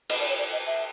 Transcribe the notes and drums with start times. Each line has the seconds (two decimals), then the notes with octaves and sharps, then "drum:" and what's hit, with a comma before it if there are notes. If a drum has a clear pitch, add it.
0.09 D#5, drum: cymbal
0.20 D5
0.28 C#5
0.38 D5
0.52 D#5
0.66 E5